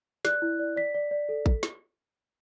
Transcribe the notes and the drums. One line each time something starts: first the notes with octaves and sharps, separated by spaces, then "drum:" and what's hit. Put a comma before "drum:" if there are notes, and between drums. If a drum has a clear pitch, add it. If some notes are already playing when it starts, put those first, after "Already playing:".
D5 F#6, drum: snare
E4
D5
D5 B6
D5
D5
A4
drum: kick A1
drum: snare